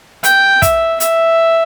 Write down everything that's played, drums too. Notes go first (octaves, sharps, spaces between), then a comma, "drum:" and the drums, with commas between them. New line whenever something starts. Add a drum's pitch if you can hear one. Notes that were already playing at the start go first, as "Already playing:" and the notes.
G5, drum: hi-hat
E5, drum: kick, hi-hat
E5, drum: hi-hat